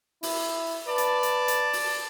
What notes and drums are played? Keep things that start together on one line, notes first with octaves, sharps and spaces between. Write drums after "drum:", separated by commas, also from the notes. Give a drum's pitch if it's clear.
E4, drum: open hi-hat
B4 D5 A5
drum: hi-hat
drum: hi-hat
drum: hi-hat
drum: open hi-hat